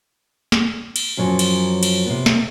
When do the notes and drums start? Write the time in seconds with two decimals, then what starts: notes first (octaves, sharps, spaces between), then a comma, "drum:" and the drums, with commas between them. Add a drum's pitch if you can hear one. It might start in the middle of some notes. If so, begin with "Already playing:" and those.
0.52 drum: snare
0.96 drum: cymbal
1.17 F#2 F3 F#3 C#4
1.39 drum: cymbal
1.83 drum: cymbal
2.06 C3 B3
2.26 drum: snare